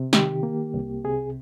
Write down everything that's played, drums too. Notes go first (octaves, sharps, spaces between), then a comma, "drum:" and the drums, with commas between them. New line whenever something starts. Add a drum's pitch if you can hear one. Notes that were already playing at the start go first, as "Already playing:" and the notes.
Already playing: C3
D#3 G4, drum: snare
A#3
C2
C3 G#4